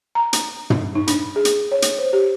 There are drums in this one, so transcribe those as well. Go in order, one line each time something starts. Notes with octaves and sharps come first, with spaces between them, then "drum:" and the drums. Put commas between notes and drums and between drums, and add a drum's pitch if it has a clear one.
A#5
drum: hi-hat
drum: tom
D#4
D4, drum: hi-hat
G#4
drum: hi-hat
C#5
drum: hi-hat
C5
G4